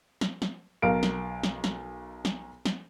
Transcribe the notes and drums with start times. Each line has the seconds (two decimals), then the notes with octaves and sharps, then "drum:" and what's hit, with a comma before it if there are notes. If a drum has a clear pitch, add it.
0.21 drum: snare
0.42 drum: snare
0.82 B1 A#4 F5 D7
1.03 drum: snare
1.43 drum: snare
1.64 drum: snare
2.25 drum: snare
2.65 drum: snare